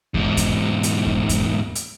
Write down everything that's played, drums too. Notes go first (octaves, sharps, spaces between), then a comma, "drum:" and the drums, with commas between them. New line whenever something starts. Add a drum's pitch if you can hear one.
E2 G#2, drum: kick E2
drum: kick E2, hi-hat
drum: hi-hat
drum: kick E2
drum: kick E2, hi-hat
drum: hi-hat